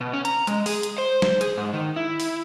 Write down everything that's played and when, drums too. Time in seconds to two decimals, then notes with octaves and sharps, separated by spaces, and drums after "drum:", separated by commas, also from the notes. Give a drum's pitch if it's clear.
0.01 B2
0.13 C#4
0.25 A#5, drum: hi-hat
0.47 G#3, drum: hi-hat
0.66 G#4, drum: open hi-hat
0.83 drum: hi-hat
0.98 C5
1.22 drum: snare
1.41 G#4, drum: hi-hat
1.58 G#2
1.73 D#3
1.96 E4
2.20 drum: open hi-hat